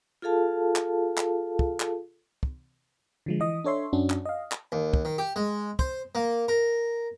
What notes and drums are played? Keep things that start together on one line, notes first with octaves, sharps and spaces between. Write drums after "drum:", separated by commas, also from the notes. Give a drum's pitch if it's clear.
F4 G#4 A4 F5 A5
drum: clap
drum: clap
drum: kick
drum: clap
drum: kick
D3 F3 G#3
E3 D#5 D#6
D4 A4 C#5 E5 C6
F#2 C#4 D4 F#4
drum: clap
D#5 F5
drum: clap
D#2
drum: kick
D#3
G4
G#3
C5, drum: kick
A#3
A#4